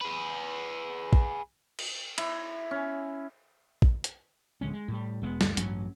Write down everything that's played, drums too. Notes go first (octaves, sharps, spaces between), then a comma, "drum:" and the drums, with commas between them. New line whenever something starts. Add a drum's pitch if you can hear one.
G#4 B4
drum: kick
drum: cymbal
E4, drum: cymbal
C#4
drum: kick
drum: hi-hat
D1 D3 G#3 C#4
G#3
A2 G3
E1 G#3 B3
D2 G2, drum: snare
A1 G2 F#3 C#4, drum: hi-hat